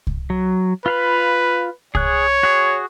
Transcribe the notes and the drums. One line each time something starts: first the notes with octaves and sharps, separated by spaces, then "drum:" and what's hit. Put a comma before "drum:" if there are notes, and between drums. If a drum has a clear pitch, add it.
drum: kick C2
F#3
F4 B4 F5 B5
G#4 C#5 F#6, drum: kick C2
F#4 G#4